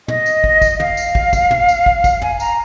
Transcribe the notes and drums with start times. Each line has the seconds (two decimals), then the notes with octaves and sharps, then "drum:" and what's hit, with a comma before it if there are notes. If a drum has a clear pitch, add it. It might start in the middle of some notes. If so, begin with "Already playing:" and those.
0.08 D#5, drum: tom
0.26 drum: tambourine
0.44 drum: kick
0.62 drum: kick, tambourine
0.80 F5, drum: tom
0.97 drum: tambourine
1.15 drum: kick
1.33 drum: kick, tambourine
1.51 drum: tom
1.68 drum: tambourine
1.86 drum: kick
2.04 drum: kick, tambourine
2.22 G#5, drum: tom
2.40 A#5, drum: tambourine